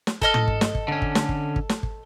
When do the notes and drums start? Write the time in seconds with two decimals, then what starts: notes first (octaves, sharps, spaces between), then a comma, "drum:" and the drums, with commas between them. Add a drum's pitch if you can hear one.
0.07 drum: snare
0.22 A4 D#5 F6, drum: kick
0.34 drum: tom
0.48 drum: kick
0.61 drum: snare
0.75 drum: kick
0.88 D3 C#4
1.02 drum: kick
1.15 drum: snare
1.29 drum: kick
1.56 drum: kick
1.69 drum: snare
1.83 drum: kick